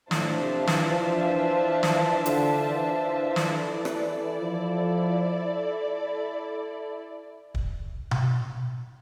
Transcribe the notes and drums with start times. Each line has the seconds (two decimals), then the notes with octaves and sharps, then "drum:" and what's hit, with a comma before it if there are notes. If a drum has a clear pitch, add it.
0.11 A2 D4 F4 C5 E5 A5, drum: snare
0.40 C3
0.67 E3, drum: snare
0.97 F3
1.25 E3
1.83 E3, drum: snare
2.26 D3, drum: hi-hat
2.69 E3
3.36 drum: snare
3.55 E4 A4 D5
3.85 drum: rim click
4.41 F3
7.55 drum: kick
8.11 drum: tom B2